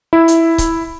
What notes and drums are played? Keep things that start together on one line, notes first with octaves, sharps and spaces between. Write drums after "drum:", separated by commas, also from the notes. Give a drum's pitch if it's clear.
E4
drum: hi-hat
drum: kick C#1, hi-hat